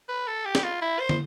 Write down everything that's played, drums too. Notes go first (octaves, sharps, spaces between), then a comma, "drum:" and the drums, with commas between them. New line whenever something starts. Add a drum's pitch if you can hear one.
B4
A4
G4
drum: snare
F4
E4
C5
drum: tom